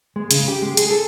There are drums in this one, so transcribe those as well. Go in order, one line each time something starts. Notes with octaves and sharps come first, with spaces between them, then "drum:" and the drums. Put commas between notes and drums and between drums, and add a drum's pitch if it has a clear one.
G#3
C#3, drum: hi-hat
G4
G#3
G#4, drum: hi-hat
A4